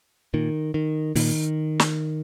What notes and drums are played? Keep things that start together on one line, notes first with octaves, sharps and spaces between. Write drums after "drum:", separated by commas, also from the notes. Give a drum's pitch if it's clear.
A#2 D#3
D#3
A#2 D#3, drum: open hi-hat
drum: snare